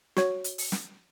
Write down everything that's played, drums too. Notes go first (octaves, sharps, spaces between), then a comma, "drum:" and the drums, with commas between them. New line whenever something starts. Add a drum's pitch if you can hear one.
F#4 C#5, drum: snare
drum: hi-hat
drum: open hi-hat
drum: snare